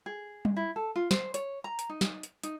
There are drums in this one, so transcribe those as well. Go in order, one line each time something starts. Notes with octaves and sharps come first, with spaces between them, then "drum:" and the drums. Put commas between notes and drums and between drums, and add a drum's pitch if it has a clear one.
G#4
drum: tom G3
E4
A4
F4
C5, drum: snare
C#5, drum: hi-hat
A#5
drum: hi-hat
D#4
drum: snare
drum: hi-hat
D#4, drum: hi-hat